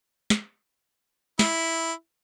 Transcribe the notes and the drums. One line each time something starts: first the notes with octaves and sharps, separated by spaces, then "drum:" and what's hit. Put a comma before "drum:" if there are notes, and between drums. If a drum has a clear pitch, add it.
drum: snare
E4, drum: snare